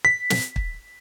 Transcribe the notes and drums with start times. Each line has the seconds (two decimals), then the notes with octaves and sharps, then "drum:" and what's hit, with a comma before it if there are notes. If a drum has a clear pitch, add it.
0.05 B6
0.30 drum: snare
0.56 drum: kick